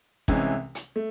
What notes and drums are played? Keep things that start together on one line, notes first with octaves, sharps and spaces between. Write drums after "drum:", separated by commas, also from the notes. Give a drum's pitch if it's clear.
C2 C3 E3 G#3 C#4, drum: kick
drum: hi-hat
A3